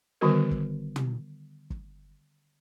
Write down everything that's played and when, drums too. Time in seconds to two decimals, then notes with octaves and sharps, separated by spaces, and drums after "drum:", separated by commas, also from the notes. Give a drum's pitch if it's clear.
0.21 D3 D#3 G3 B3 F#4 A#4
0.51 drum: kick
0.96 drum: tom
1.70 drum: kick